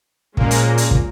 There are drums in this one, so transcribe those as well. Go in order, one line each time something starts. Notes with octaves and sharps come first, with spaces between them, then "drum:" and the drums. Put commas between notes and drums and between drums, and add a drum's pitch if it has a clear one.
A#2 F3 G#3 A#3 C#4 F4, drum: kick
drum: hi-hat
drum: hi-hat
drum: kick